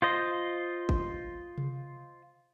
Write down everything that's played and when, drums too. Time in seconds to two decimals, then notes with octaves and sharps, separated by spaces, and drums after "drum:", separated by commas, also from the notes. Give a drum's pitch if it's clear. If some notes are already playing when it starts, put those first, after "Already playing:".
0.02 F4 C5 D#5
0.89 drum: kick G#1
1.58 drum: tom C3